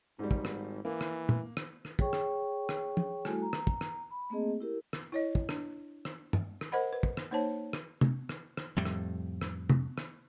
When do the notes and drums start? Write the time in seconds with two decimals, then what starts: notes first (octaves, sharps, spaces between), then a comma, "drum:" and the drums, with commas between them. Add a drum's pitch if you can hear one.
0.19 G#1 G#2 G3
0.31 drum: kick
0.45 drum: rim click
0.85 E3 A#3
1.01 drum: rim click
1.29 drum: tom
1.57 drum: rim click
1.85 drum: rim click
1.99 G#4 C#5 G5 C#6, drum: kick
2.13 drum: rim click
2.69 drum: rim click
2.97 drum: tom
3.25 G3 A3 E4 F#4 A4 G#5, drum: rim click
3.42 A#5
3.53 drum: rim click
3.67 drum: kick
3.81 drum: rim click
4.11 B5
4.30 A3 A#3 C4 G#4 D#5
4.61 E4 G4 A#4
4.93 drum: rim click
5.12 E4 C#5 D#5
5.35 drum: kick
5.49 D4, drum: rim click
6.05 drum: rim click
6.33 drum: tom G2
6.61 drum: rim click
6.72 A#4 C5 D#5 F#5 B5
6.93 B4
7.03 drum: kick
7.17 drum: rim click
7.31 A#3 D#4 C5 C#5 A5
7.73 drum: rim click
8.01 drum: tom C3
8.29 drum: rim click
8.57 drum: rim click
8.76 F2 A2 G3
8.85 drum: rim click
9.41 drum: rim click
9.70 drum: tom C3
9.98 drum: rim click